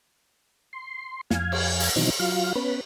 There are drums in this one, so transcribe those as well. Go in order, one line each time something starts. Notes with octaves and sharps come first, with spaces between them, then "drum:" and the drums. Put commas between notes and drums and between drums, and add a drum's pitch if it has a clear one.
C6
F2 F5 G#5, drum: snare
drum: cymbal
drum: open hi-hat
B2 D#3 E3 F#3 C4 D#4
F#3 F4 F5
B3 C#4 B4